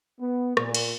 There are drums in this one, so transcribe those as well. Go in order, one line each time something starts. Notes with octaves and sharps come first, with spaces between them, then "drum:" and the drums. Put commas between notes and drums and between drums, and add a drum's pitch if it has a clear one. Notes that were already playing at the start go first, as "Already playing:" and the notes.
B3
A#2, drum: rim click
drum: cymbal